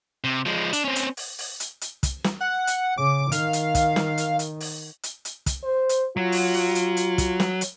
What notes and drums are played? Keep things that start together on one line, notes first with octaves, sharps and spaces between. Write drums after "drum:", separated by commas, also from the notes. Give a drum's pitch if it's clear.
C3
F3 G#3
D4, drum: hi-hat
C4 C#4
drum: hi-hat
drum: open hi-hat
drum: open hi-hat
drum: hi-hat
drum: hi-hat
drum: kick, hi-hat
drum: snare
F#5
drum: hi-hat
C#3 D6
D#3 F5, drum: hi-hat
drum: hi-hat
drum: kick, hi-hat
drum: snare
drum: hi-hat
drum: hi-hat
drum: open hi-hat
drum: hi-hat
drum: hi-hat
drum: kick, hi-hat
C5
drum: hi-hat
F#3 F4
drum: open hi-hat
drum: open hi-hat
drum: hi-hat
drum: hi-hat
drum: kick, hi-hat
drum: snare
drum: hi-hat